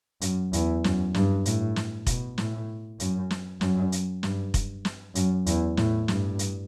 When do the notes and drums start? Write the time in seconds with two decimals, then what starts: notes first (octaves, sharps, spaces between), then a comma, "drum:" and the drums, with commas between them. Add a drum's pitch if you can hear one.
0.21 F#2, drum: hi-hat
0.53 E2, drum: hi-hat
0.84 F#2, drum: snare
1.14 G2, drum: snare
1.46 A2, drum: hi-hat
1.76 drum: snare
2.07 B2, drum: kick F1, hi-hat
2.38 A2, drum: snare
3.00 F#2, drum: hi-hat
3.31 drum: snare
3.61 F#2, drum: snare
3.92 drum: hi-hat
4.23 G2, drum: snare
4.54 drum: kick F1, hi-hat
4.85 drum: snare
5.15 F#2, drum: hi-hat
5.46 E2, drum: hi-hat
5.77 A2, drum: snare
6.08 G2, drum: snare
6.39 drum: hi-hat